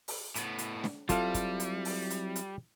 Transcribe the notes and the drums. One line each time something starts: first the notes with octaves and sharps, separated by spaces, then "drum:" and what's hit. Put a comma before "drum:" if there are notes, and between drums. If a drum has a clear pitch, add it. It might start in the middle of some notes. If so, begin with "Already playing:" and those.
drum: open hi-hat
A2 B3, drum: hi-hat
drum: hi-hat
drum: snare
F#3 G3 C4 E4 F4 A4 F5, drum: kick, hi-hat
drum: kick, hi-hat
drum: hi-hat
drum: open hi-hat
drum: hi-hat
drum: hi-hat